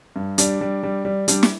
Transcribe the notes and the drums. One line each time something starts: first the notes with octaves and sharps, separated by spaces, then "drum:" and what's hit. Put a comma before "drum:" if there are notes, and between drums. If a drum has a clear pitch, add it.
G2
G3 D4, drum: hi-hat
G3
G3
G3
G3 D4, drum: hi-hat
drum: snare